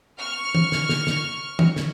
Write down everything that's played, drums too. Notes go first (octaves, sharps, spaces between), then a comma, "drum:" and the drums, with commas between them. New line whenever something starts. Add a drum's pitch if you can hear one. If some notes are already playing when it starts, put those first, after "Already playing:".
C#6 F6
drum: tom
drum: snare
drum: snare
drum: snare
drum: tom
drum: snare